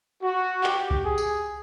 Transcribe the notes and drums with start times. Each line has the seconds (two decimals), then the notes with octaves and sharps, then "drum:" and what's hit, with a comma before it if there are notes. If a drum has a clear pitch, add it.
0.22 F#4
0.64 G4, drum: clap
0.91 drum: kick C2
1.04 G#4
1.18 drum: tambourine